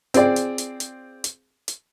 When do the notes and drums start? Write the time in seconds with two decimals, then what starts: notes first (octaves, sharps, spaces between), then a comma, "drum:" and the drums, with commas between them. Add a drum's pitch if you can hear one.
0.14 C4 F4 G#4 D5 G5, drum: hi-hat
0.36 drum: hi-hat
0.58 drum: hi-hat
0.80 drum: hi-hat
1.24 drum: hi-hat
1.68 drum: hi-hat